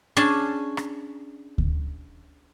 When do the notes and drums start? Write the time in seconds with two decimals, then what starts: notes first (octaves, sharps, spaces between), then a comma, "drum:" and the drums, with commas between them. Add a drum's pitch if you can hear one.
0.17 C#4 D4 G#4 G#5 A5
0.77 drum: rim click
1.58 drum: kick D2